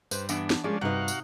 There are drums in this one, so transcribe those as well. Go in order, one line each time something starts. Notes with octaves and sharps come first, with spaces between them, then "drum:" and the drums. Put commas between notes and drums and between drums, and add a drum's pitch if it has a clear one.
G2 B4 C5, drum: tambourine
E3 B3 D4, drum: tambourine
drum: snare
F3 G#3 A#3 C#4 D4 G#4 D5
G2 C3 D#4 F#4 B4 F5 F#5
drum: tambourine